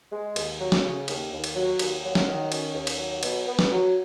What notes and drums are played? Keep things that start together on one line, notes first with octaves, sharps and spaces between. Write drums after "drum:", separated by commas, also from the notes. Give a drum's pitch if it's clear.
G#3
D#2, drum: cymbal
F#3
drum: snare
C#3
D#2, drum: cymbal
D#2
drum: cymbal
F#3
D#2, drum: cymbal
F#3
drum: snare
D#3
C#4, drum: cymbal
D#2
drum: cymbal
F#3
B2, drum: cymbal
B3
drum: snare
F#3